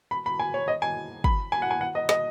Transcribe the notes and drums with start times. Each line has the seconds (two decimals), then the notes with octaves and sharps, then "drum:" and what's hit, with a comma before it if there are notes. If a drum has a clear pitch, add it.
0.11 B5
0.26 B5
0.40 G#5
0.54 C#5
0.68 D#5
0.82 G#5
1.24 B5, drum: kick
1.52 G#5
1.62 F#5
1.71 G#5
1.81 F#5
1.95 D#5
2.09 D#5, drum: snare